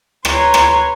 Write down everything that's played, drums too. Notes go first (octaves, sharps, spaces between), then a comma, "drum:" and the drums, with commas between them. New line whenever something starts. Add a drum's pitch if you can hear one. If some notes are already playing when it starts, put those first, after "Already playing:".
B4 C#5 A#5 C6, drum: rim click
drum: rim click